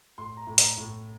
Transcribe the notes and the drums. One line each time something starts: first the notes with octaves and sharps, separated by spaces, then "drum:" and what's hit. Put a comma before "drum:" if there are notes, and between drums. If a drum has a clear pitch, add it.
A2 C6
A#5
A2
A#5, drum: hi-hat
A2